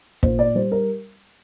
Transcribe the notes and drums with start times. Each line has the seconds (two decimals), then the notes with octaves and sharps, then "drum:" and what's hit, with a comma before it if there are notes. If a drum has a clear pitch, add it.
0.23 A#2 C5, drum: kick
0.39 D5
0.55 G3 C5
0.72 A#4